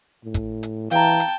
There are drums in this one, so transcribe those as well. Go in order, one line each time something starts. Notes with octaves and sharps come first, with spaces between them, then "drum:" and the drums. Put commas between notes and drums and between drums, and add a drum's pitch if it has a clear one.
A2
drum: kick, hi-hat
drum: hi-hat
E3 F5 G5 A5 A#5, drum: hi-hat
drum: hi-hat